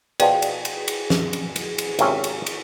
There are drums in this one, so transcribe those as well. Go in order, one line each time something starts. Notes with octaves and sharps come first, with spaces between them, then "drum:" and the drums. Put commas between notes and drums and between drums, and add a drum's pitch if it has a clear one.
B2 F3 G#4 B4 D5 G5, drum: cymbal
drum: cymbal
drum: cymbal
drum: cymbal
drum: snare
drum: cymbal
drum: cymbal
drum: cymbal
G#1 C3 C#4, drum: cymbal
drum: cymbal
drum: cymbal